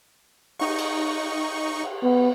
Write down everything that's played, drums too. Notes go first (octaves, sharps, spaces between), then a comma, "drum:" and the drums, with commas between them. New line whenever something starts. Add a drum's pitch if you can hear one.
D#4 C#6, drum: cymbal
drum: cymbal
drum: cymbal
B3